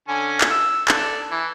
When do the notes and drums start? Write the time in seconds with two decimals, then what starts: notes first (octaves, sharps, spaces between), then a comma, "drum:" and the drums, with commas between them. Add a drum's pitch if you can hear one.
0.08 D3 C#4 G#5
0.41 drum: clap
0.51 E6
0.88 D4 A4, drum: clap
1.31 E3